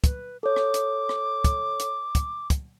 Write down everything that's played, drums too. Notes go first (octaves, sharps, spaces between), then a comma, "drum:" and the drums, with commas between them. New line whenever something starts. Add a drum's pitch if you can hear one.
B4, drum: kick, hi-hat
A4 C#5 D6
drum: rim click
drum: hi-hat
drum: rim click
drum: kick, hi-hat
drum: hi-hat
drum: kick, hi-hat
drum: kick, hi-hat